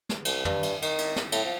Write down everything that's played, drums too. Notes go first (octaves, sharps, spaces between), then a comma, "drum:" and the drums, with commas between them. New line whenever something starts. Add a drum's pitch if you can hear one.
drum: snare
C2, drum: cymbal
G2, drum: tom
drum: cymbal
D#3, drum: cymbal
drum: cymbal
drum: snare
A2, drum: cymbal
F3